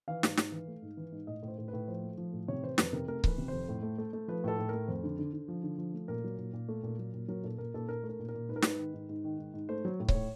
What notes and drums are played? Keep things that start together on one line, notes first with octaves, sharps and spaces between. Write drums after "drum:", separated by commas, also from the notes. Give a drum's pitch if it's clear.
E3 F5
G#2, drum: snare
G#2, drum: snare
E3
A3
G#2
E3
G#2
A2 D#5
A2
C5
A2
B4
A2
F3 C5
A3
F3
A2
C3 C#5
E3 C5
F2 B4, drum: snare
C3 A#4
A3 A#4
E3 B4, drum: kick C#1
C3
F2 C5
A2
A3
A3
A3
F3 B4
A2 A4
A2
A3 A#4
F2 C5
D3
D3
D3
F3
D3
F3
A3
A#2 A#4
F#3
A#2
A#2
A3
A#2
F#3
A#2
F#3 A#4
A#2 A4
A#2 A#4
A#2 A4
A#2 A#4
A3
A#4
A#2
A#4
A#2
G#2 B4
A#4
G#2 B4, drum: snare
D#3
G#2
G#2
D#3
G#2
G#2
A3 C5
F#3
A2
C#5, drum: kick C#1
A2